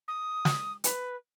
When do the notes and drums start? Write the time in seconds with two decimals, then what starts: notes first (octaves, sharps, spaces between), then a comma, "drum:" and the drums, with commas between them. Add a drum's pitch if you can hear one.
0.08 D#6
0.45 drum: snare
0.84 B4, drum: hi-hat